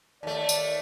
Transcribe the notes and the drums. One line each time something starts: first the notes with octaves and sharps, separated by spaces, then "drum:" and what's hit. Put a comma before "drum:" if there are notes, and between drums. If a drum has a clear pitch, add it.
D#2 A3 D5
drum: tambourine